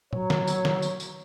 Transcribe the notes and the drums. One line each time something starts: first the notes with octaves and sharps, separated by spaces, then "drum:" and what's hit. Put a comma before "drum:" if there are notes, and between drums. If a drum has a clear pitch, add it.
F#3 C#5, drum: tom A2
drum: snare
drum: tambourine
drum: snare
drum: tambourine
drum: tambourine